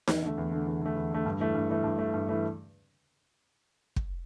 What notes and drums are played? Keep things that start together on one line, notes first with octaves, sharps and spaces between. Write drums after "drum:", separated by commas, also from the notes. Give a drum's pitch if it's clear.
E2, drum: snare D#4
D3 A3
E2
D3 A3
E2
D3 A3
E2
D3 A3
G2
E3 A3
G2
E3 A3
G2
E3 A3
G2
E3 A3
drum: kick